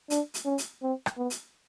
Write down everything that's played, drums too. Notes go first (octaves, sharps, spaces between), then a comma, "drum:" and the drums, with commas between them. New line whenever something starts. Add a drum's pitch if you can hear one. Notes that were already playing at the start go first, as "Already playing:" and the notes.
D4, drum: hi-hat
drum: hi-hat
C#4
drum: hi-hat
C4
drum: rim click
B3
drum: hi-hat